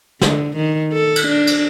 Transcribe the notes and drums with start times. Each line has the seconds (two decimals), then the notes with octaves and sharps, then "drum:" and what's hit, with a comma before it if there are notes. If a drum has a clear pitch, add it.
0.21 D3, drum: snare
0.56 D#3
0.93 A4
1.16 drum: cymbal
1.27 D4
1.47 drum: cymbal